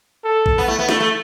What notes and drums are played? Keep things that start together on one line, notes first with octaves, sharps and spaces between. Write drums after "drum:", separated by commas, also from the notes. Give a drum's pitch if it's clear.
A4
drum: kick A#1
B3
A3 E4
B3
A3, drum: snare
A3